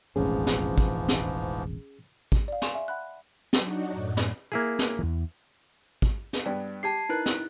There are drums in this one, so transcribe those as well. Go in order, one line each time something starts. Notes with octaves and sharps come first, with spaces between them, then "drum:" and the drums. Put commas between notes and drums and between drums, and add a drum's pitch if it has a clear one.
E1 A1 F2 G#2 E3 F3 C#4 G#4
drum: snare
drum: kick
drum: snare
drum: kick
D5 F5
G#5 C6 C#6 E7 F7, drum: snare
E5 G#5
F#5 B5 F#6
F#3 D4 D#4 F#4, drum: snare
F#2 A2
drum: snare
A#3 E4 G#4
drum: snare
E2 E3
drum: kick
drum: snare
G2 B3 D4
G4 A5 G#6 C7
D#4 E4 A#4 B4 F#6
drum: snare